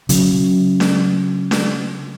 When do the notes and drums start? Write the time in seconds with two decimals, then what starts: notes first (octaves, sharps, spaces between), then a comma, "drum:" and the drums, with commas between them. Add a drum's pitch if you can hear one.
0.09 C#3 F#3, drum: hi-hat
0.80 drum: snare D4
1.51 drum: snare D4